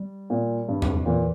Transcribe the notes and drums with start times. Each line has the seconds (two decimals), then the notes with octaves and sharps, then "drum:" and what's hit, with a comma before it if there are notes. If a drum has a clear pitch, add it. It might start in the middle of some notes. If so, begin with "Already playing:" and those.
Already playing: G3
0.30 A#2
0.69 G2
0.82 drum: tom E2
1.06 A#2 E3